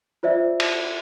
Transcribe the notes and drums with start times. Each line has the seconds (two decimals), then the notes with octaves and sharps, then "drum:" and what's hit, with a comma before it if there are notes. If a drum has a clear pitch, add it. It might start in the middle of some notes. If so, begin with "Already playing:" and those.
0.23 F4 C5 D5 E5
0.60 drum: cymbal